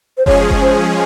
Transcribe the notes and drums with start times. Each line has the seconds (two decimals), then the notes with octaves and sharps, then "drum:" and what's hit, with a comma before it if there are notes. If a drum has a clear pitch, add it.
0.18 C5
0.26 F3 G#3 C#4 G#4 C#5, drum: kick F#1
0.50 drum: kick F#1
0.62 C5